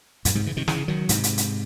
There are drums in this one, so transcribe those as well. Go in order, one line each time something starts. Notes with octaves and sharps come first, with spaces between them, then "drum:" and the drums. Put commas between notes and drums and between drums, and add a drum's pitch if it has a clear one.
F#2 A2, drum: hi-hat
G#2 C3
C#3 E3
C3 D#3
C#3 E3, drum: snare
D#3 F#3
G#2 C3, drum: hi-hat
drum: hi-hat
drum: hi-hat